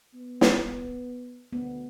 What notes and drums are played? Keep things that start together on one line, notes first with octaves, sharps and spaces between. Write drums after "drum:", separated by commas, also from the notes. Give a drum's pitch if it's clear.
B3
drum: snare
D2 B3